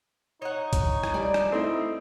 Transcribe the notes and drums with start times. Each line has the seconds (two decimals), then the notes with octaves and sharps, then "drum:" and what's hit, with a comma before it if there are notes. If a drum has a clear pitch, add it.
0.42 D#4 C#5 D#5 F#5
0.73 drum: kick B1, hi-hat
1.04 drum: rim click
1.14 G3 D5
1.34 drum: rim click
1.52 A3 C4 D#4 E4